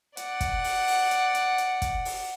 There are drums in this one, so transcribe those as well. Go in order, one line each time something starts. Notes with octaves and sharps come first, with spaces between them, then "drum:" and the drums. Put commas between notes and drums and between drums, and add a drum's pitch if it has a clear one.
D5 F#5, drum: hi-hat
drum: kick, hi-hat
drum: open hi-hat
drum: open hi-hat
drum: hi-hat
drum: hi-hat
drum: hi-hat
drum: kick, hi-hat
drum: open hi-hat